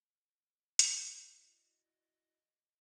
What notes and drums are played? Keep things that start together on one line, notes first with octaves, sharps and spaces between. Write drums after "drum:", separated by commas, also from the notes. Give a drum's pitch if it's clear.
G3 A4 D#6, drum: hi-hat
E4 F#4 D5 D#5